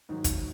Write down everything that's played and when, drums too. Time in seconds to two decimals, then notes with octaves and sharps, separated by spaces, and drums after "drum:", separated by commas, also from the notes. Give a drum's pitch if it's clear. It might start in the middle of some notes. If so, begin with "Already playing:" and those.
0.09 G#2 D#3 F#3 D#4
0.24 drum: kick, hi-hat